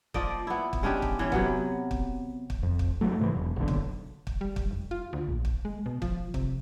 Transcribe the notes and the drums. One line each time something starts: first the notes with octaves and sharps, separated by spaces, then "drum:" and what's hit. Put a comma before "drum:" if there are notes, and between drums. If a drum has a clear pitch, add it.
F3 A#3 D5 D#5, drum: kick
B3 E4
drum: kick
G#3 C#4 D4 G4
drum: kick
E3 C#4
C3 F#3 B3, drum: kick
drum: kick
drum: kick
F2
drum: kick
G2 F#3 A3
G#2 C3 D#3 E3
E1
F#1 B1 D3
drum: kick
drum: kick
G3
drum: kick
F1
F4
D2
A#1
drum: kick
G#3
B2
F3, drum: kick
C3, drum: kick